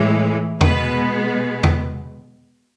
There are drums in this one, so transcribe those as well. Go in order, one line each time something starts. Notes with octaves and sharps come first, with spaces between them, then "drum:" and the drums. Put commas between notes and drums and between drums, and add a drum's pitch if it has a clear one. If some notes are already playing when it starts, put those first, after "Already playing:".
Already playing: A2 E3 G#3
B2 G#3 B3 B4, drum: tom E2
drum: tom E2